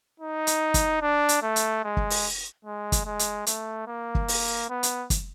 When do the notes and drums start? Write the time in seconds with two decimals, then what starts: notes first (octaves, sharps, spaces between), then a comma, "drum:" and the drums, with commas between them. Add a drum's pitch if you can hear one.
0.20 D#4
0.47 drum: hi-hat
0.74 drum: kick, hi-hat
1.02 D4
1.29 drum: hi-hat
1.42 A3
1.56 drum: hi-hat
1.84 G#3
1.97 drum: kick
2.10 drum: open hi-hat
2.65 G#3
2.92 drum: kick, hi-hat
3.06 G#3
3.19 drum: hi-hat
3.47 A3, drum: hi-hat
3.87 A#3
4.15 drum: kick
4.28 drum: open hi-hat
4.69 B3
4.83 drum: hi-hat
5.10 drum: kick, hi-hat